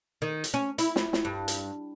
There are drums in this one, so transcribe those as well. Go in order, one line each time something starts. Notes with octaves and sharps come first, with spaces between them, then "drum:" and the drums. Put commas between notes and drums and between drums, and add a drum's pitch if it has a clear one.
D#3
drum: hi-hat
C#4
E4, drum: hi-hat
drum: snare
drum: snare
G2
drum: hi-hat